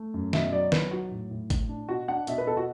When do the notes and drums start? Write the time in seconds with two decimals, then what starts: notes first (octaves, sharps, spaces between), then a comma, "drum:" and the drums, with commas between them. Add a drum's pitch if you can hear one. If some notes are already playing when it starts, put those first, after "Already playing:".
Already playing: A3
0.14 F#2
0.33 B2 E5, drum: snare
0.52 F#3 D5
0.72 B1 B4, drum: snare
0.91 F#3 F#4
1.11 A2
1.31 A2
1.50 A2, drum: kick, hi-hat
1.69 D4
1.89 B2 F#4
2.08 D4 F#5
2.27 B2 E5, drum: hi-hat
2.38 B4
2.47 B2 A4
2.57 F#4